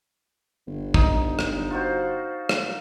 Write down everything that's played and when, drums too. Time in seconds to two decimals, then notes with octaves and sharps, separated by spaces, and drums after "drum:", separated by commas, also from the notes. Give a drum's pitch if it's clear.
0.67 G1
0.94 D#4, drum: kick
1.39 drum: rim click
1.70 F4 F#4 C5
2.49 drum: rim click